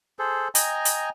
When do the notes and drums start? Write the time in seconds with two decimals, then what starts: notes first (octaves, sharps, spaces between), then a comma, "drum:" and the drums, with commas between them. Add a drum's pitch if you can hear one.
0.19 G#4 A4 C5
0.55 D#5 G5 G#5 A#5, drum: hi-hat
0.85 drum: hi-hat